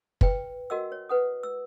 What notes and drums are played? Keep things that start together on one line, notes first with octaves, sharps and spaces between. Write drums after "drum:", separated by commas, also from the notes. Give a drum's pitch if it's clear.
B4 G5, drum: kick
F#4 A#4 D#5 F#5 E6
C#5
B4 F#5 D#6
E6